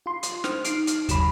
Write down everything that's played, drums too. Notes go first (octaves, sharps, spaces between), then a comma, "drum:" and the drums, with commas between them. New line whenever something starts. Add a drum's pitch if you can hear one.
F4 C6
drum: hi-hat
C5 F6, drum: snare
D#4 C7 D7, drum: hi-hat
drum: hi-hat
D#2 F#3 B5 E7, drum: kick, hi-hat